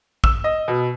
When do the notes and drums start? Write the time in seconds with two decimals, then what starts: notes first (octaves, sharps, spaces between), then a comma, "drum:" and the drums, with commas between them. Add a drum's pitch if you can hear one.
0.24 E6, drum: kick
0.44 D#5
0.68 B2